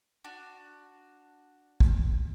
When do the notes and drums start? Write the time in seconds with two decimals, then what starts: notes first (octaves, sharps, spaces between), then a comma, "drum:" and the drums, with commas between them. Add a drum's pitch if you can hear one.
0.24 D4 F#4
1.80 drum: kick